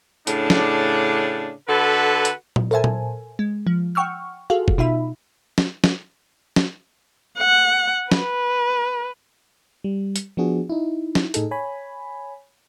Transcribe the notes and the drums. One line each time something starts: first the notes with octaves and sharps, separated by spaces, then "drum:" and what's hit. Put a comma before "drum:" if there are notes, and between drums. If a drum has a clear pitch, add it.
A2 C#3 D4, drum: hi-hat
drum: snare
D3 F#4 A4 B4
drum: hi-hat
drum: tom A#2
A4 A#4 C5 E5 G#5 A5
drum: tom A#2
G#3
F3
F#5 G5 C#6 E6 F6
F4 F#4 G#4 A4 F5
drum: kick
B2 D#4 F4 E5 B5
drum: snare
drum: snare
drum: snare
F#5
B4, drum: snare
G3
drum: hi-hat
F3 B3 D4 F#4 G#4
D#4 E4
drum: snare
A2 D#4 G#4 A4, drum: hi-hat
C#5 G#5 B5